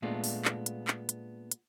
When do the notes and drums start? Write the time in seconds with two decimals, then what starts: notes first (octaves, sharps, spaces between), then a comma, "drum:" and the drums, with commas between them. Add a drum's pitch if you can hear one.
0.02 A#2 G#3 A3 B3 D4 F4
0.24 drum: open hi-hat
0.45 drum: clap
0.66 drum: hi-hat
0.88 drum: clap
1.09 drum: hi-hat
1.51 drum: hi-hat